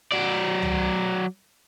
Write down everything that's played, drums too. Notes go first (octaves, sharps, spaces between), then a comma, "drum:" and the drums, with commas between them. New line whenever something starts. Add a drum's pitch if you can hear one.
F#3 D5
drum: tom